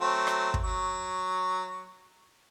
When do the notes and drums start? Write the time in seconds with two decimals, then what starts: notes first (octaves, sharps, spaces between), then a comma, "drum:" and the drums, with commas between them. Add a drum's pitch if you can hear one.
0.01 F#3 A3 C4
0.27 drum: rim click
0.54 drum: kick
0.64 F#3 C#6